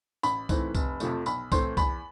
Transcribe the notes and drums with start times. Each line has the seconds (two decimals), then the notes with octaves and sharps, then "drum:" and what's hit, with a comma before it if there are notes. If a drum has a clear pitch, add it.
0.23 A1 B5, drum: tambourine
0.49 G#2 E3 A3 C4, drum: kick C2, tambourine
0.75 F1, drum: kick C2, tambourine
1.00 F2 C3 F3 A3, drum: tambourine
1.26 B1 B5, drum: tambourine
1.52 A2 E3 A3 C4 C6, drum: kick C2, tambourine
1.77 E2 B5, drum: kick C2, tambourine